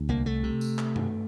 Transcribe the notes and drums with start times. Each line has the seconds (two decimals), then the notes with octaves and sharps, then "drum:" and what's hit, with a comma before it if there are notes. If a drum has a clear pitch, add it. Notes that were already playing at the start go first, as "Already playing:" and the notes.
Already playing: D2
0.09 C2 A#3
0.26 A3
0.43 C3
0.61 drum: tambourine
0.79 drum: clap
0.96 drum: tom G2